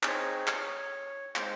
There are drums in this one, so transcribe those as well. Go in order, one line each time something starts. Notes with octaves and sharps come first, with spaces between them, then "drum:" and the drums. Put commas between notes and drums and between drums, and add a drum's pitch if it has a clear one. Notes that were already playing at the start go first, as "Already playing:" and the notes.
C4 D#4 G#4 C#5, drum: clap
C#5
drum: clap
G#3 C4 D#4 C5, drum: clap